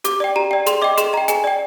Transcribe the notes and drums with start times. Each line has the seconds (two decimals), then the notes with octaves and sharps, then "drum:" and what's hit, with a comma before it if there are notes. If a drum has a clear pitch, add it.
0.04 G4 D6, drum: hi-hat
0.20 D5 G5
0.36 G4 A#5
0.51 D5 G5
0.66 G#4 C6, drum: hi-hat
0.82 D#5 G5 D6
0.97 G#4 C6, drum: hi-hat
1.13 D#5 G5 A#5
1.28 G#4 G#5, drum: hi-hat
1.44 D5 G5